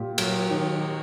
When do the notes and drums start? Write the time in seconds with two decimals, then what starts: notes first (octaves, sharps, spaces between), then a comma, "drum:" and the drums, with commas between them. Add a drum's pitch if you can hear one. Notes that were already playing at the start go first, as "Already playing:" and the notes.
Already playing: A#2 A#3 G4
0.18 F#3, drum: cymbal
0.51 D#3